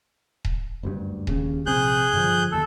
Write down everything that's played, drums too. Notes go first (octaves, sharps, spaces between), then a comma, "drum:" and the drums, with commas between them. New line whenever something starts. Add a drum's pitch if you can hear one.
drum: kick D#1
F#1 D2 G2
D#2 C#3, drum: kick D#1
A#1 C3 C4 G#4 F#6 G6
G2 D3 F3
F#1 D#2 A4